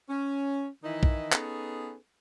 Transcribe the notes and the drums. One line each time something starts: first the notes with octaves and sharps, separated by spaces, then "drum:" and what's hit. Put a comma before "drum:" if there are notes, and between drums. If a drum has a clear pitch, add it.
C#4
D#3 E3 D#4 E4 D#5
drum: kick B1
B3 C#4 D#4 G#4 A4 B4, drum: clap